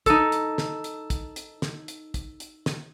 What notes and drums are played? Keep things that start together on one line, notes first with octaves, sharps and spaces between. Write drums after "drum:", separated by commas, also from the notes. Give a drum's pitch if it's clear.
D#4 A4, drum: kick, hi-hat
drum: hi-hat
drum: snare
drum: hi-hat
drum: kick, hi-hat
drum: hi-hat
drum: snare
drum: hi-hat
drum: kick, hi-hat
drum: hi-hat
drum: snare